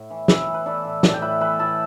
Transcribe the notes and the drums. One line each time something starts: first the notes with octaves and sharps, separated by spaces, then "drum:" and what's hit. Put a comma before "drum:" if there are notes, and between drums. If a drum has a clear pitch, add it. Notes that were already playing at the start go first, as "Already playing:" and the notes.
Already playing: A2
E3
E3 B4 E5, drum: snare
E3
B4
E3 A4 D5
A2
A2 A4 D5, drum: snare
G5
A2 B4 E5
E3 B4 E5
A2 E5 A5